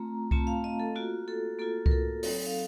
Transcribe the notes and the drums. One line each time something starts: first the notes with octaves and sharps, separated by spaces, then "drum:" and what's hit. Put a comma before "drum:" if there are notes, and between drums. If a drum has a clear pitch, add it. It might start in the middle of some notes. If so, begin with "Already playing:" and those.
Already playing: A3 C4 F4 A#5
A3 C4 F4 A5, drum: kick C2
F5
D#5
A4
A#3 F4 F#4
A4
A#3 F4 A4
A#4, drum: kick C2
A4
F#3 C4 D#4 A4, drum: open hi-hat
F5